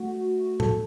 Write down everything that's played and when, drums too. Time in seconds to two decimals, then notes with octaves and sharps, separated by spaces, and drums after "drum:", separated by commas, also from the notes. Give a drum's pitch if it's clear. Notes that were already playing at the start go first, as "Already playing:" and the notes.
Already playing: A3 F#4
0.60 A4, drum: tom A2